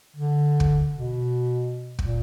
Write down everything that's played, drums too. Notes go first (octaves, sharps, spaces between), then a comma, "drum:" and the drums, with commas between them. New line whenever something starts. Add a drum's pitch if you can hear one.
D3
drum: kick
B2
A#2, drum: kick